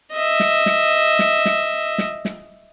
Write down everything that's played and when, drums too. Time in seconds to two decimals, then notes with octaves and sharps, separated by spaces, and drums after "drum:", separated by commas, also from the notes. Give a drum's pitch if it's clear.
0.13 D#5 E5
0.40 drum: snare
0.66 drum: snare
1.19 drum: snare
1.45 drum: snare
1.98 drum: snare
2.25 drum: snare